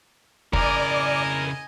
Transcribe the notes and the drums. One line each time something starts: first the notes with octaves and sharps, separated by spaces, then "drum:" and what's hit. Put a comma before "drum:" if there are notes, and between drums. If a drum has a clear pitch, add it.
C#3 E4 A#4 D5 D#5 G#5, drum: kick